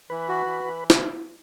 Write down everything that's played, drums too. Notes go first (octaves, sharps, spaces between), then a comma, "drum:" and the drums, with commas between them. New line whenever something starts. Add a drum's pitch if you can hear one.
E3 B4
F#4
E3
E3
drum: snare